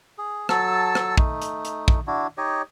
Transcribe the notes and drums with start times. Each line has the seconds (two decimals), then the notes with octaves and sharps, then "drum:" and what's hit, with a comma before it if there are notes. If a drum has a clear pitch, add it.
0.18 G#4
0.49 F#3 A4 A5 E6, drum: rim click
0.95 drum: rim click
1.17 A3 D#4, drum: kick
1.42 drum: hi-hat
1.65 drum: hi-hat
1.88 drum: kick
2.07 D4 E4 F#4
2.38 D#4 G4 C#5 D#5